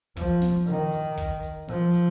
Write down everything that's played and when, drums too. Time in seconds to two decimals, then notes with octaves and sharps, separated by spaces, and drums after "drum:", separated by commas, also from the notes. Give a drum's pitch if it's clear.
0.17 F3, drum: kick, hi-hat
0.41 drum: snare
0.67 D#3, drum: hi-hat
0.92 drum: hi-hat
1.18 drum: kick, open hi-hat
1.43 drum: hi-hat
1.69 F3, drum: open hi-hat
1.94 drum: hi-hat